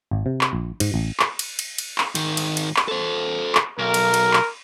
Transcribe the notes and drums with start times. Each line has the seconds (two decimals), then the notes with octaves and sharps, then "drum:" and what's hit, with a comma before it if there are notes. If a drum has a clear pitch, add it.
0.11 G#1
0.26 C3
0.41 drum: clap
0.53 A#1
0.80 G#2, drum: cymbal
0.94 A1
1.20 drum: clap
1.39 drum: cymbal
1.59 drum: cymbal
1.78 drum: cymbal
1.98 drum: clap
2.15 G#2 D#3, drum: cymbal
2.37 drum: cymbal
2.57 drum: cymbal
2.77 drum: clap
2.88 A4 C5
3.55 drum: clap
3.78 B1 A#4
3.94 drum: cymbal
4.14 drum: cymbal
4.33 drum: clap